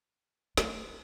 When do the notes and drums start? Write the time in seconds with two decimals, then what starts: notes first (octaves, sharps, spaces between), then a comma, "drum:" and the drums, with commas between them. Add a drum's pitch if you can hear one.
0.57 A3, drum: snare